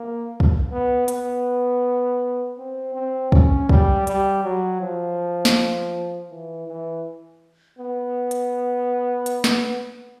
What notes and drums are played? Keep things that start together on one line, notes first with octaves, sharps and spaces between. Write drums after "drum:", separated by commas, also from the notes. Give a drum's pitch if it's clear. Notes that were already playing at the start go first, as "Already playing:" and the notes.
Already playing: A#3
drum: kick
B3
B3, drum: hi-hat
C4
C4
C#4, drum: kick
G3, drum: kick
G3, drum: hi-hat
F#3
F3
drum: snare
E3
E3
B3
drum: hi-hat
drum: hi-hat
drum: snare